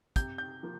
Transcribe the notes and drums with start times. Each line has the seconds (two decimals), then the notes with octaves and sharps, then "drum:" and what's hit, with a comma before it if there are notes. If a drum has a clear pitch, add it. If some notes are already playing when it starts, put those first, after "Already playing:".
0.16 C3 G6, drum: kick, hi-hat
0.38 G6
0.63 F3 A#3